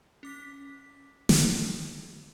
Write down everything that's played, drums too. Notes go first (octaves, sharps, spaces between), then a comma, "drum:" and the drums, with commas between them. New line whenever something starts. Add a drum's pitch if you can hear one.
C#4 D6 B6
drum: snare